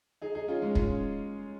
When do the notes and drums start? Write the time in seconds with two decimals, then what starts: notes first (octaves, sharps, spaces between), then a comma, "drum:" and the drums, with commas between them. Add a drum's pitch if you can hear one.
0.22 D#4 G#4
0.35 D#4 G#4
0.48 C#4 F4
0.62 G#3 C#4
0.75 C#4 F4, drum: kick